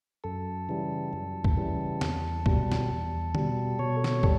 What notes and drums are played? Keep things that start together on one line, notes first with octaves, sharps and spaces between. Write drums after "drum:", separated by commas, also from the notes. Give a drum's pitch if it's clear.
F#2 A4
C#3 E3 G3
F#2
drum: kick
C#3 E3 G3
E2, drum: snare
B2 G3, drum: kick
drum: snare
E2
B2 G3, drum: tom D3
B2 C#5
drum: snare
G3 A4, drum: kick